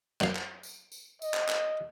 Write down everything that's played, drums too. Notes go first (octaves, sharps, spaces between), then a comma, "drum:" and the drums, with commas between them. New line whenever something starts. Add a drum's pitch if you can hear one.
F#2 F5, drum: clap
drum: clap
drum: tambourine
drum: tambourine
D#5, drum: tambourine
drum: clap
drum: clap